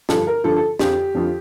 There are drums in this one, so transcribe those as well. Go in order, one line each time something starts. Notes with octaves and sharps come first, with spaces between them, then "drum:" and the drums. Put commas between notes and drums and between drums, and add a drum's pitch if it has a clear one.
G2 D3 F3 A4, drum: snare
A#4
G2 D3 F3 A4
A4
F2 D3 F3 G4, drum: snare
F2 D3 F3